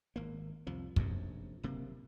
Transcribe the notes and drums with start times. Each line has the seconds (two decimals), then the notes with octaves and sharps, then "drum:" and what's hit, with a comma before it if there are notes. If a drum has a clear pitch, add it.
0.16 G#1 A#3
0.67 C2 F2 F3
0.96 F1 A#1 F#2 C3, drum: kick
1.63 F#1 C3 A#3